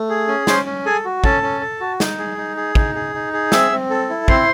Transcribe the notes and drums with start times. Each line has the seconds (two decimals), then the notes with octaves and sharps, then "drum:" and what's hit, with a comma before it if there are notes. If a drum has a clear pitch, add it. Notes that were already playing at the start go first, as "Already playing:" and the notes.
Already playing: A3
0.09 G#4
0.27 C#4
0.47 C#4 C5 C6, drum: snare
0.66 C#4
0.85 G#4 A4 G#5
1.05 F#4
1.24 C#4 A4 A5, drum: kick
1.43 C#4
1.61 A4
1.81 F#4
2.00 D#4, drum: snare
2.18 G#4
2.37 D#4
2.56 G#4
2.75 D#4, drum: kick
2.95 G#4
3.15 D#4
3.33 G#4
3.52 C4 E5 E6, drum: snare
3.72 C4
3.90 A4
4.10 E4
4.28 C4 C5 C6, drum: kick